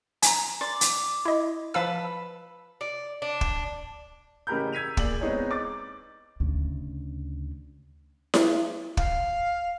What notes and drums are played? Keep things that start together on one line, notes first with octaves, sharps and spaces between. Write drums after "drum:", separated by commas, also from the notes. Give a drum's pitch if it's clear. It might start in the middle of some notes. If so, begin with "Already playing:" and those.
G#5 A#5, drum: hi-hat
D5 C6
drum: hi-hat
E4 D#5
F3 B4 F5 A5 B5 E6
D5
D4
drum: kick
A1 C#3 G4 A#4 B5 G6
E6 G#6 B6 D#7 F7
A#2 G#4 D5 F#7, drum: kick
G#3 B3 C4 D#4 G#4 C#5
D6 A6
D2 C#3
drum: snare E4
F5, drum: kick